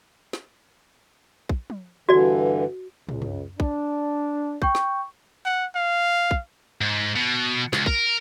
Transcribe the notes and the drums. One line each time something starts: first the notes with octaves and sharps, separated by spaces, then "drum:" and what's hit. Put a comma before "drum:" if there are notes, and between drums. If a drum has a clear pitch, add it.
drum: snare
drum: kick
drum: tom
G2 D3 E3 F#4 D5
C#2, drum: tom
drum: tom
D4, drum: kick
G5 C#6 G6, drum: kick
drum: snare
F#5
F5
drum: kick
G#2
B2
C#2, drum: snare
A#4, drum: kick